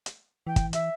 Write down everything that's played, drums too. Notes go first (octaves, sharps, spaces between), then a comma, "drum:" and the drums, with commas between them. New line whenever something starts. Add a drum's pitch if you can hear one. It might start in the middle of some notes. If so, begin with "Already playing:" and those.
drum: hi-hat
E3 G5
drum: kick, hi-hat
E5, drum: hi-hat